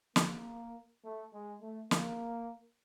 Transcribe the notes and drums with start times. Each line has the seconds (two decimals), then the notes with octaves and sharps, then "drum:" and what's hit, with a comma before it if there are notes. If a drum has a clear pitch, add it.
0.16 A#3, drum: snare
1.04 A3
1.33 G#3
1.62 A3
1.91 A#3, drum: snare